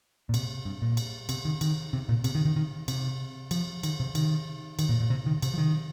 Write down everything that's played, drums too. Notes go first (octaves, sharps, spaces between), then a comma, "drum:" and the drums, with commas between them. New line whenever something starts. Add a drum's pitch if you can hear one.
A#2
C3, drum: cymbal
G2
A#2
drum: cymbal
C3, drum: cymbal
D#3
D#3, drum: cymbal
C3
A#2
C3, drum: cymbal
D#3
D#3
D#3
C3, drum: cymbal
F3, drum: cymbal
D#3, drum: cymbal
C3
D#3, drum: cymbal
D#3, drum: cymbal
A#2
A#2
C3
D#3
C3, drum: cymbal
F3
D#3